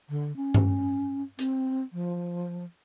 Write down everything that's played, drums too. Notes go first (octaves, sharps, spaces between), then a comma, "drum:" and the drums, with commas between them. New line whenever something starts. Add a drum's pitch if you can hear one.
D3
C#4
drum: tom G2
C4, drum: hi-hat
F3